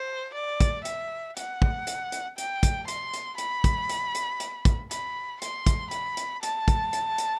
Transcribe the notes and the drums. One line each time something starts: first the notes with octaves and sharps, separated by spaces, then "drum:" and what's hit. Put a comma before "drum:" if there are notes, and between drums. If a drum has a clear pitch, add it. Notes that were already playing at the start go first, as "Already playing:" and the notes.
Already playing: C5
D5
drum: kick, hi-hat
E5, drum: hi-hat
F#5, drum: hi-hat
drum: kick
drum: hi-hat
drum: hi-hat
G5, drum: hi-hat
drum: kick, hi-hat
C6, drum: hi-hat
drum: hi-hat
B5, drum: hi-hat
drum: kick, hi-hat
drum: hi-hat
drum: hi-hat
drum: hi-hat
drum: kick, hi-hat
B5, drum: hi-hat
C6, drum: hi-hat
drum: kick, hi-hat
B5, drum: hi-hat
drum: hi-hat
A5, drum: hi-hat
drum: kick, hi-hat
drum: hi-hat
drum: hi-hat